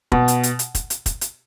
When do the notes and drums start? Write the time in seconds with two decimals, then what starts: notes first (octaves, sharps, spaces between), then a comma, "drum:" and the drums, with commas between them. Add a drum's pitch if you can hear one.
0.12 B2, drum: kick
0.28 drum: hi-hat
0.43 drum: hi-hat
0.59 drum: hi-hat
0.75 drum: kick, hi-hat
0.90 drum: hi-hat
1.06 drum: kick, hi-hat
1.21 drum: hi-hat